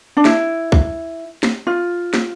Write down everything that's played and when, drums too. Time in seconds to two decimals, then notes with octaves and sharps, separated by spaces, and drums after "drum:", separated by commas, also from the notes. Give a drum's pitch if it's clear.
0.17 D4
0.25 E4, drum: snare
0.72 drum: kick C2
1.43 drum: snare
1.67 F4
2.14 drum: snare